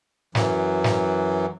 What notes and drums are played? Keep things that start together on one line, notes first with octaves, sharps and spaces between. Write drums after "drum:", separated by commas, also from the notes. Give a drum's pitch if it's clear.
F#2 E3 F#3, drum: snare
drum: snare